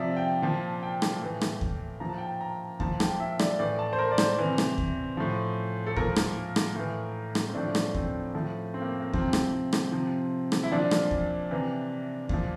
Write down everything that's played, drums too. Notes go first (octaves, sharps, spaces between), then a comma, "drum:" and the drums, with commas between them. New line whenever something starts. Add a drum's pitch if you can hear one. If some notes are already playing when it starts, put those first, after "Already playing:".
Already playing: C3 F3 D5 E5
G5
A#2 F3 A5
G5
drum: rim click
A2 E3
drum: rim click
drum: kick D#2
A#2 F3 A#5
A5
G5
A5
A#5
A#2 F3 A5, drum: kick D#2
G5, drum: rim click
E5
D5, drum: rim click
A2 E3 D5
A5
C5
A#4
D5
C5, drum: rim click
C3 E3
drum: rim click
drum: kick D#2
A2 F3
A4
A#2 F3 A#4, drum: kick D#2
drum: rim click
drum: rim click
A2 E3
drum: rim click
C4
A2 F3 D4
drum: rim click
C4, drum: kick D#2
A2 F3
C4
A#3
A#3
C3 F3 C4, drum: kick D#2
drum: rim click
drum: rim click
C3 F3
drum: rim click
E4
A#2 F3 D4
drum: rim click
drum: kick D#2
C3 E3
A#2 F3, drum: kick D#2